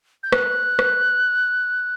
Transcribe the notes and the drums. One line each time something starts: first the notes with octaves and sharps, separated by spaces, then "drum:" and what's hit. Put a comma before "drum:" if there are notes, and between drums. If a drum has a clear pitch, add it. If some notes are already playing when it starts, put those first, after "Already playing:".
G6
F#6, drum: rim click
drum: rim click